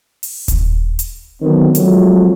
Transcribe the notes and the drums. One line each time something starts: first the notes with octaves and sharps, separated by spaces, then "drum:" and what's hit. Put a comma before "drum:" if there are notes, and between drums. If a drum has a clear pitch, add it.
drum: open hi-hat
drum: kick D#1, hi-hat
drum: hi-hat
D3 D#3 F#3 B3 C4
F3 F#3 G#3 A3 C4, drum: hi-hat